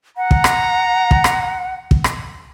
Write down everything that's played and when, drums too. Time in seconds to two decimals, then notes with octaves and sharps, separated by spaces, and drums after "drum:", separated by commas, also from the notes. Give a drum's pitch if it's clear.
0.17 F#5 A#5
0.31 drum: kick
0.44 drum: rim click
1.11 drum: kick
1.24 drum: rim click
1.91 drum: kick
2.04 drum: rim click